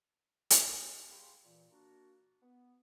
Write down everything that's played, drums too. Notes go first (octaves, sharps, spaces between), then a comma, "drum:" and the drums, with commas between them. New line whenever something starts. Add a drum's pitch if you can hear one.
drum: hi-hat
G4 G#4 F5 B5 C6
A#2 E3
A#3 D4 F#4
B3